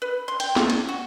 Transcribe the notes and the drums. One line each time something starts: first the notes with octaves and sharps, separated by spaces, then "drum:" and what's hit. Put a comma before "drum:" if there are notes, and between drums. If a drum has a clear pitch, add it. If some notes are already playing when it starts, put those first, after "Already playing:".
B4
C6
G5, drum: cymbal
F4, drum: snare
C#4, drum: cymbal
F#4